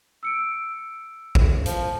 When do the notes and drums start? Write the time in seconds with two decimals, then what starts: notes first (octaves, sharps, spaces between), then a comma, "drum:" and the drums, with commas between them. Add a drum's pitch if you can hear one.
0.23 E6 C#7 D7
1.35 drum: kick G#1
1.66 F3, drum: hi-hat